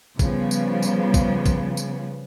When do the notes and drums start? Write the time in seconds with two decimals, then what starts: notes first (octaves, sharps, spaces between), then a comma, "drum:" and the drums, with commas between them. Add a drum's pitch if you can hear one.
0.19 C#3 F3 G3 B3, drum: kick, tambourine
0.51 drum: tambourine
0.82 drum: tambourine
1.14 drum: kick, tambourine
1.46 drum: kick, tambourine
1.77 drum: tambourine